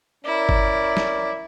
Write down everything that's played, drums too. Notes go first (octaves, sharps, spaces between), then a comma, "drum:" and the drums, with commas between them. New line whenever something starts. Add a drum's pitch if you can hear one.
C#4 E4 A#4 D5
drum: kick G1
drum: snare